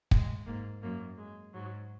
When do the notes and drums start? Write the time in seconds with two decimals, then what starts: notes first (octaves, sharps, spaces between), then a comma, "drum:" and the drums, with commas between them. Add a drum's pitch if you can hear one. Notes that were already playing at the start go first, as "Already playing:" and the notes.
0.11 G#3, drum: kick
0.46 G#2 A#3
0.82 F#2 A#3
1.18 G#3
1.54 G#2 F#3